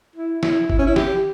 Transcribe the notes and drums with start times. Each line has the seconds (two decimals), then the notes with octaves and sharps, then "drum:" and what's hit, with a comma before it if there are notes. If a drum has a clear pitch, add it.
0.16 E4
0.43 E4, drum: snare
0.70 E4, drum: kick
0.78 C#4
0.87 E4
0.96 G4, drum: snare